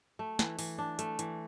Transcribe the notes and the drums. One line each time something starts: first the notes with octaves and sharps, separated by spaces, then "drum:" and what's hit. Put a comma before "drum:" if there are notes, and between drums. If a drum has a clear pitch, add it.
A3
E3, drum: snare
E3, drum: open hi-hat
D4
A3, drum: hi-hat
E3, drum: hi-hat